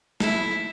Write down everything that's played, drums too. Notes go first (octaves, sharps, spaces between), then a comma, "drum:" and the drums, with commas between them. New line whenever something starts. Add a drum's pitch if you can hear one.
E4, drum: snare